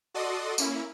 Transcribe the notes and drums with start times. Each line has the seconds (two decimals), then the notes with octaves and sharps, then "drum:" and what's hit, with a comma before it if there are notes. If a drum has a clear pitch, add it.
0.14 F#4 A4 D5 D#5 C6 D#6
0.58 A#3 C#4 E4, drum: tambourine